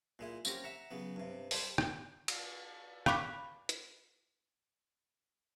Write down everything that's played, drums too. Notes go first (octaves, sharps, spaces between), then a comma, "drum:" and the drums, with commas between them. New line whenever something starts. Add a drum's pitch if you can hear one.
A#2 G#3 E4
A#3 C4 C#4 F#4 G4 A#4, drum: tambourine
E5 F#5 A#5
C#3 F#3 B3
G2 C3
G3 C5 D5 G#5 A5 B5, drum: open hi-hat
drum: rim click
drum: cymbal
F5 B5 C#6 D6 F#6 B6, drum: rim click
drum: hi-hat